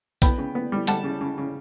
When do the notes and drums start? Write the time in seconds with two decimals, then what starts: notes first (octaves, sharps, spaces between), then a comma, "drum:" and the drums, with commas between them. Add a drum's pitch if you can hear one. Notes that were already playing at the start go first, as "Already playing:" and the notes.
0.22 B3 G5 B5, drum: kick, hi-hat
0.38 C#3
0.55 B3
0.72 G3
0.87 G3 F#5 A5, drum: hi-hat
1.04 C#3
1.21 C#3
1.38 C#3